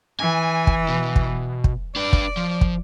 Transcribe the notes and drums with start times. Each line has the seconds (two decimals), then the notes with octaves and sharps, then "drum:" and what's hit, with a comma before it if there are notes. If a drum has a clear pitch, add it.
0.20 E3 G#5
0.67 drum: kick
0.88 B2
1.16 drum: kick
1.64 drum: kick
1.96 D4 B4 D5
2.13 drum: kick
2.37 F3
2.61 drum: kick